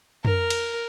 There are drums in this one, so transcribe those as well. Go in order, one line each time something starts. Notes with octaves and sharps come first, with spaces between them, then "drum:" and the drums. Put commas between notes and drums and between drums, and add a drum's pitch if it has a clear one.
A#4, drum: tom
drum: cymbal